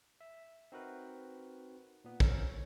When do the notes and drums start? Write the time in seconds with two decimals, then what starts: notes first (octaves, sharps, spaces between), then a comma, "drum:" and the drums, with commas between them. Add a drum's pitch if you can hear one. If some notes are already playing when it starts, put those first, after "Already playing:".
0.21 E5
0.72 C4 D#4 F#4 A#4 B4
2.04 A#2 B3
2.20 G#1 D2 C#4 A#4 C5 E6, drum: kick A#1
2.48 C#5